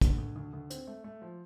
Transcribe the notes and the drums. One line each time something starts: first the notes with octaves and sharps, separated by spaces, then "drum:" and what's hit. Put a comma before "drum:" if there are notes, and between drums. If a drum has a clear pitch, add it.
D2, drum: kick, hi-hat
D2
D2
D2
C4, drum: hi-hat
A3
A3
F3